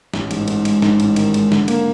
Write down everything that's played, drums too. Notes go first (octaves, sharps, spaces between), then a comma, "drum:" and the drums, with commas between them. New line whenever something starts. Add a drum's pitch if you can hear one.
A1, drum: snare
G#2, drum: cymbal
G#2, drum: cymbal
G#3, drum: cymbal
G#2, drum: snare
A1, drum: cymbal
D#3, drum: cymbal
G#3, drum: cymbal
D3, drum: snare
A#3, drum: cymbal